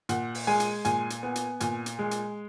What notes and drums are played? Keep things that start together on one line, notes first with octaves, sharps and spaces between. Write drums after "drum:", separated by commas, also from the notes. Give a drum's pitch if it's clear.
A#2 F#5, drum: hi-hat
drum: open hi-hat
G#3 G#5
drum: hi-hat
A#2 G#5, drum: hi-hat
drum: hi-hat
B3
drum: hi-hat
A#2 G#5, drum: hi-hat
drum: hi-hat
G#3
drum: hi-hat